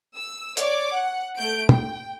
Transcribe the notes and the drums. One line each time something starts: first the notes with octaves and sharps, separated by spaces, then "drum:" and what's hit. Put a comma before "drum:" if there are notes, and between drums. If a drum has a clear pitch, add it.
E6
C#5 D5 D6, drum: hi-hat
F#5
A3 G6 D7
G5, drum: tom